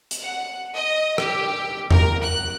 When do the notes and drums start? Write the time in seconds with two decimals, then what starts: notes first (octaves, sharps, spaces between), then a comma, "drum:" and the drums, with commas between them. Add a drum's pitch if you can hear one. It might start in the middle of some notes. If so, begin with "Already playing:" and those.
0.11 drum: hi-hat
0.23 F#5
0.75 D#5
1.18 G4, drum: rim click
1.91 A#4, drum: tom E2
2.23 F#6